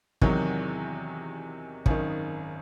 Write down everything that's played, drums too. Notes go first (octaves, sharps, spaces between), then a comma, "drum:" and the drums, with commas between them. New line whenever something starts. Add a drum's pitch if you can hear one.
E2 C3 D#3 F#3, drum: kick
G#1 F#2 D#3, drum: kick